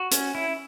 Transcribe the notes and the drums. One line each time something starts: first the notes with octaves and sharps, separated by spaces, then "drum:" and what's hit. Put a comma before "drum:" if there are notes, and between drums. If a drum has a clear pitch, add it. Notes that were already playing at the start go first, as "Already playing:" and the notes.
Already playing: F#4
C#4, drum: hi-hat
E4